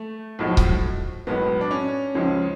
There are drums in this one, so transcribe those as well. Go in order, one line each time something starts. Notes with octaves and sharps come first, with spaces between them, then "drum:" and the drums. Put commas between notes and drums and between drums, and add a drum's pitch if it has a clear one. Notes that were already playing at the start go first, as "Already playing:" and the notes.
Already playing: A3
B1 A2 F3 G#3
drum: kick C#1
B1 A2 G#3 B3
D4
C#4
C#2 C#3 F3 G#3